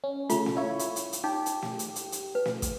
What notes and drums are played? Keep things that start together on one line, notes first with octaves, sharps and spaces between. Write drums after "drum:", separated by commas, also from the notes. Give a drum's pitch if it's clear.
C#4
C#3 A3 F4 B5, drum: hi-hat
drum: snare
E4 C#5 F5
drum: hi-hat
drum: hi-hat
drum: hi-hat
D#4 G4
drum: hi-hat
drum: snare
drum: hi-hat
drum: hi-hat
drum: hi-hat
B4
drum: snare
drum: kick, hi-hat